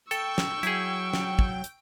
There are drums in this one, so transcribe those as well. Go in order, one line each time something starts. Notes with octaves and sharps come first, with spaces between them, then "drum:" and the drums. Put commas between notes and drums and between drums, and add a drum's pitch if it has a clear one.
A4 G5 C#6 E6, drum: hi-hat
drum: snare
F#3 E4 G#4, drum: hi-hat
drum: snare
drum: kick
drum: hi-hat